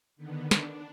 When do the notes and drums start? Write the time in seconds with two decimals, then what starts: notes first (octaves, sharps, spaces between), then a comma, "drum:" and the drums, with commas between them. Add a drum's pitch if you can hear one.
0.16 D3 D#3 B3
0.51 D4, drum: snare